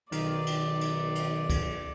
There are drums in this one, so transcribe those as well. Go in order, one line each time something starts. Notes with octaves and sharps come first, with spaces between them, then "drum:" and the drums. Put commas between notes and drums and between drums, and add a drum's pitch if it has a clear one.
B1 D#3 D5, drum: cymbal
drum: cymbal
drum: cymbal
drum: cymbal
drum: kick C#2, cymbal